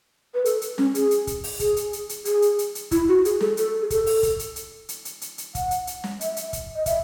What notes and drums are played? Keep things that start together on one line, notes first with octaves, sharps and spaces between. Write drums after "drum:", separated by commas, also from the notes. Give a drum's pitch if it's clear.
B4
A4, drum: hi-hat
drum: hi-hat
C#4, drum: snare
G#4, drum: hi-hat
drum: hi-hat
drum: kick, hi-hat
drum: open hi-hat
G#4, drum: kick, hi-hat
drum: hi-hat
drum: hi-hat
drum: hi-hat
G#4, drum: hi-hat
drum: hi-hat
drum: hi-hat
drum: hi-hat
E4, drum: kick, hi-hat
F#4
G#4, drum: hi-hat
A4, drum: snare
A4, drum: hi-hat
G#4
A4, drum: kick, hi-hat
drum: open hi-hat
drum: kick, hi-hat
drum: hi-hat
drum: hi-hat
drum: hi-hat
drum: hi-hat
drum: hi-hat
drum: hi-hat
F#5, drum: kick, hi-hat
drum: hi-hat
drum: hi-hat
drum: snare
E5, drum: hi-hat
drum: hi-hat
drum: kick, hi-hat
D#5
E5, drum: kick, hi-hat